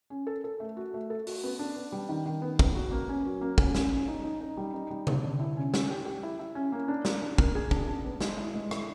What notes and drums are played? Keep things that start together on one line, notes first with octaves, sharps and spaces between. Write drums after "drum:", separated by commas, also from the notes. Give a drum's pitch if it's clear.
C#4
A4
A4
A3
F#4
A3
A4
F#4, drum: open hi-hat
B3
D4
B3
G3
D#3
D#3
B3
B3, drum: kick
F#4
A#3
C#4
F#3
A#3
C#4, drum: kick
C#4, drum: snare
C#4
D#4
D#4
D#4
G3
D#4
G3
D3, drum: tom C3
D3
E4
C#4
C#4, drum: snare
G4
G4
E4
E4
C#4
A#3
D4
A#3, drum: snare
D4
A#3, drum: kick
G#4
D4, drum: kick
D4
B3
G#3, drum: snare
E4
G#3
E4, drum: rim click